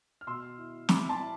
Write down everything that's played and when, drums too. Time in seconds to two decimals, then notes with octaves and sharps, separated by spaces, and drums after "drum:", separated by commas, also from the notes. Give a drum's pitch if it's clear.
0.21 F6
0.27 B2 C6 E6
0.58 E4
0.89 E4 B5 D6, drum: snare
1.09 A5 C6
1.19 E4